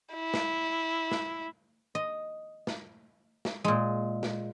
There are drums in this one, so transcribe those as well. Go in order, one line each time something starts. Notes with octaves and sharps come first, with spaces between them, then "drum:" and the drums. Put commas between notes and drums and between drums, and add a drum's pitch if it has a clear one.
E4
drum: snare
drum: snare
D#5
drum: snare
drum: snare
A#2 G#3
drum: snare